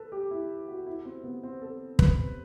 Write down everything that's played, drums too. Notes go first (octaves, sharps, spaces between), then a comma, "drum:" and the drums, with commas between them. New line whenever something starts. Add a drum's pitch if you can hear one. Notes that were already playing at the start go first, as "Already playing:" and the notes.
Already playing: A4 B4
G4
E4
F#4
E4
C4
B3
C4
A4
B4, drum: kick